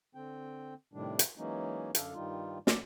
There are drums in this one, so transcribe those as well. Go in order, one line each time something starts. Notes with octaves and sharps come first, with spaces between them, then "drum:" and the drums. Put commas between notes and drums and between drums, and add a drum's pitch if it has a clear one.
D3 C4 G5
A2 C3 D#3 G3 D4
drum: hi-hat
E3 F#3 G#3 A#3 C#4 D#4
F#2 D3 D4 A4 F5, drum: hi-hat
G2 D#3 G3 D#4 F4
B3 D4 D5, drum: snare